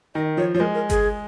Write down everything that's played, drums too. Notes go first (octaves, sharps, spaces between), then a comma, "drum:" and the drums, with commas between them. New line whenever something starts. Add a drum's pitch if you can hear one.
D#3 D#5
F3 C#5
F3 C#5
G#3 A#4
A#4
G#4, drum: kick G1, hi-hat